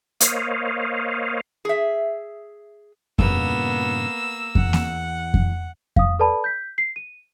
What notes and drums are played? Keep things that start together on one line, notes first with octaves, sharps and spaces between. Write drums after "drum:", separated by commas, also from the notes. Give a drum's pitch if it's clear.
A#3 C5 C#5 D#5 F5, drum: hi-hat
G#4 E5
G2 A#2 C#3 A#3 B3 E6, drum: kick F2
E2 F#5, drum: kick F2
drum: snare A#3
drum: kick F2
F5 D#6, drum: kick F2
A4 B4 D5 A5 B5
G6 B6
C7
D#7